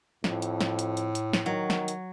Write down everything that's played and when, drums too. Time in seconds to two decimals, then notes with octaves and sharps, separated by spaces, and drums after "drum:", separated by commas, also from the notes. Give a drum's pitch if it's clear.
0.24 F2 A2, drum: snare
0.42 drum: hi-hat
0.61 drum: snare
0.79 drum: hi-hat
0.97 drum: hi-hat
1.15 drum: hi-hat
1.33 drum: snare
1.46 D#3 F#3
1.70 drum: snare
1.88 drum: hi-hat